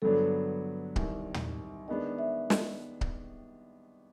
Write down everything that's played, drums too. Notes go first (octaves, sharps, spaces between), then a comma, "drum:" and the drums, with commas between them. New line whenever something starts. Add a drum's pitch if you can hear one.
G2 D3 F#3 B3 D4 A4
C2 C3 D#3, drum: kick C#1
drum: tom
D#3 G#3 B3 D4 D#5
E5
D#5, drum: snare
drum: kick C#1